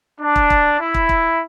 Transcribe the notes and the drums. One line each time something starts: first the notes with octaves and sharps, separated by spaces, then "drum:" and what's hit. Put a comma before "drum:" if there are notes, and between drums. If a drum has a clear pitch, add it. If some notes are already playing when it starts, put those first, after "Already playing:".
D4
drum: kick
drum: kick
E4
drum: kick
drum: kick